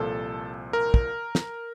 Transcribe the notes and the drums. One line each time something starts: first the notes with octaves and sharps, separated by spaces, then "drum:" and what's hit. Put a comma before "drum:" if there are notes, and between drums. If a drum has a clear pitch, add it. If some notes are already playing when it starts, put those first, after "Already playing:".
Already playing: C2 A#2 F3 A4
A#4
drum: kick
drum: snare